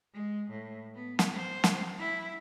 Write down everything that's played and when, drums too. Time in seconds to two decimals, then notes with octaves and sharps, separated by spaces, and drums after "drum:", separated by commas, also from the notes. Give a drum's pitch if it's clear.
0.14 G#3
0.51 A2
0.95 B3
1.19 drum: snare
1.34 C5
1.64 drum: snare
1.99 E4